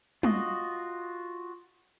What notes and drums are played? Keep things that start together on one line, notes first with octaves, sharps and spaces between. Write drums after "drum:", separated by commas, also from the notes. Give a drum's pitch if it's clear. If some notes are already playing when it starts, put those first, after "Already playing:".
F4 F#4 D#5, drum: tom